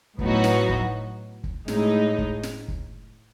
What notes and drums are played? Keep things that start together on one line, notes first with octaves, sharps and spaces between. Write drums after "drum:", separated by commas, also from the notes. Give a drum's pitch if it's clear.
A2 F#3 B3 D#4 F#4, drum: kick
drum: snare
drum: kick
drum: kick
A2 G#3 D#4, drum: snare
drum: kick
drum: snare
drum: kick